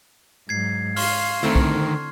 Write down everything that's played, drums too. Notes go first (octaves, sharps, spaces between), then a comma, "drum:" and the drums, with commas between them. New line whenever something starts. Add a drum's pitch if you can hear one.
G#2 F#3 G#6 C7
F5 C6 C#6 F6, drum: open hi-hat
D2 D3 D#3 A3 C4 E4
drum: kick B1